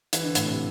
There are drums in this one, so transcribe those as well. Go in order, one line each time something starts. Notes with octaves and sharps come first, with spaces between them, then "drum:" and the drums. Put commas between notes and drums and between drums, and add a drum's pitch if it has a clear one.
E3, drum: hi-hat
D3
A2, drum: hi-hat
C3